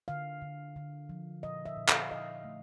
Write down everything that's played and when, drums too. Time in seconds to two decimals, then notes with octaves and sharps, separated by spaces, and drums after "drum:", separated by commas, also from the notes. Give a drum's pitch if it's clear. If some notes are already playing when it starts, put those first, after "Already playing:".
0.08 D3 F5
0.42 D3
0.76 D3
1.09 F3
1.43 A#2 D#5
1.66 E5
1.76 A#2
1.89 F5, drum: clap
2.11 A#2 D#5
2.44 A3